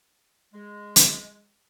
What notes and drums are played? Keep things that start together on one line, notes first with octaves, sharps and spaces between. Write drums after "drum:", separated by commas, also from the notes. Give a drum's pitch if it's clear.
G#3
drum: hi-hat